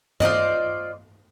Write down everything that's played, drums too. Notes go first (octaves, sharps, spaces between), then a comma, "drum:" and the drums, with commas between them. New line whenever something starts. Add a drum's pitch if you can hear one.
F4 C5 D5 D#5, drum: tom G2